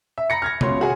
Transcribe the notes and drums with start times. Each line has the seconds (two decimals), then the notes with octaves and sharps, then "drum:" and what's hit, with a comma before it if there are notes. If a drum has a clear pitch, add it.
0.18 E5
0.30 A#5 B5 A#6 C#7
0.42 F6 G#6 A#6
0.61 C#2 B2 C#5 C6, drum: tom B2
0.81 F#4 G#4